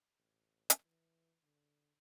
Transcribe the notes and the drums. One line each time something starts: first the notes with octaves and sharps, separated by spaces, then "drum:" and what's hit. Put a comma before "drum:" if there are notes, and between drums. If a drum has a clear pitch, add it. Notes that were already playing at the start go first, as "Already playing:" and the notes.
A1
drum: hi-hat
E3
D3